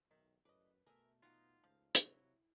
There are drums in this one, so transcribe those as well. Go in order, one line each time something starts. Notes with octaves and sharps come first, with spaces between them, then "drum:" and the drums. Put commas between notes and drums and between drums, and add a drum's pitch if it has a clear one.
B1 C3 D#3
F#2 A2 B4 D5 D#5
B2 A3 G#4 A#4 E5
D#4 F4 F#4 F#5
C#2 F3 F5
C3 F#3 E4, drum: hi-hat